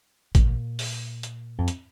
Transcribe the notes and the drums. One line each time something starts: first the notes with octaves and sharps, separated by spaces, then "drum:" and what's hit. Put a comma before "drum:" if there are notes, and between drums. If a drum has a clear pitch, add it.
A#2, drum: kick G#1, hi-hat
drum: open hi-hat
drum: hi-hat
F2
drum: hi-hat